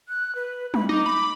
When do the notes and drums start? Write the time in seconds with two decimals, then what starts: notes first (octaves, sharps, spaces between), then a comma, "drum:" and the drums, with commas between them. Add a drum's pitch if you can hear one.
0.09 F#6
0.35 B4
0.74 B5, drum: tom
0.89 D#4 D6
1.06 B5